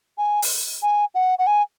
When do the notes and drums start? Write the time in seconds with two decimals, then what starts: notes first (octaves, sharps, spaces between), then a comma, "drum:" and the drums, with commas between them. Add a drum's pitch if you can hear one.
0.18 G#5
0.42 drum: open hi-hat
0.82 G#5
1.15 F#5
1.39 F#5
1.47 G#5